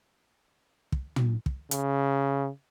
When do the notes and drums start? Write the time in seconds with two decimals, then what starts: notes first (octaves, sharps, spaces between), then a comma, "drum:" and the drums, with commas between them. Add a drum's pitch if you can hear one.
0.92 drum: kick
1.16 drum: tom
1.46 drum: kick
1.71 C#3, drum: hi-hat